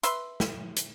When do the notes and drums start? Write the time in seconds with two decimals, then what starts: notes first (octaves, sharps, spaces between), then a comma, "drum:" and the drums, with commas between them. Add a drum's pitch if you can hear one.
0.03 B4 E5 C6, drum: hi-hat
0.40 drum: snare
0.77 drum: hi-hat